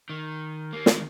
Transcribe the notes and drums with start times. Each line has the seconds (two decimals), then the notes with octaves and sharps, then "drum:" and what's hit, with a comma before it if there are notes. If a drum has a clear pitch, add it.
0.10 D#3
0.73 A#3
0.86 G#3, drum: snare